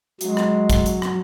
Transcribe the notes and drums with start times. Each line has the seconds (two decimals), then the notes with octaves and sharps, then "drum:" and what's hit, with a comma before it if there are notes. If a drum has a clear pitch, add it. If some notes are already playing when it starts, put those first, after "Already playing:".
0.21 F#3 G#3, drum: hi-hat
0.37 drum: rim click
0.70 drum: kick, hi-hat
0.86 drum: hi-hat
1.02 drum: rim click